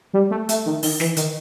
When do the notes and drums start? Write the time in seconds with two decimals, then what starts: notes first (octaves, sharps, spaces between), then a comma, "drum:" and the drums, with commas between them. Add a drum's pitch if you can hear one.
0.13 G3
0.31 A3
0.49 A3, drum: hi-hat
0.66 D#3
0.83 D#3, drum: open hi-hat
1.00 E3, drum: snare
1.17 D#3, drum: hi-hat